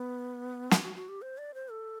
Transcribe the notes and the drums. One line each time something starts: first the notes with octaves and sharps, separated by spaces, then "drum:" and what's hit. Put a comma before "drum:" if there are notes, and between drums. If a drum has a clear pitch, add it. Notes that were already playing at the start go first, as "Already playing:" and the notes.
Already playing: B3
F#4, drum: snare
F#4
F#4
G4
C5
D5
C5
A4